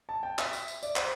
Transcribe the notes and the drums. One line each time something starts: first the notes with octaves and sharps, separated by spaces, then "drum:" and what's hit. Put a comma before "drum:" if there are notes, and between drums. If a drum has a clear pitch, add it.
A5
G5
E5, drum: clap
drum: tambourine
drum: tambourine
D5, drum: tambourine
C5, drum: clap